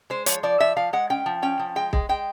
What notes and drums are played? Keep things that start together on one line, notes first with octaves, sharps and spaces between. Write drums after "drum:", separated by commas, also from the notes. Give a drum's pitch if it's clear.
G#3 C5
F3 C#5, drum: hi-hat
F3 D5
F3 E5
F3 F5
G#3 F#5
C#4 G5
F3
C#4 G5
F3
G#3 G5
G#3, drum: kick
G#3 G5